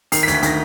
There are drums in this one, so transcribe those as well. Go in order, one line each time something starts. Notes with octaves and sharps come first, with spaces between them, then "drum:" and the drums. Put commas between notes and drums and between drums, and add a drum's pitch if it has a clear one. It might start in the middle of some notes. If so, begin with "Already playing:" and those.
D#3 C7, drum: open hi-hat
B6
D2, drum: hi-hat
B6
D#3 A#6, drum: hi-hat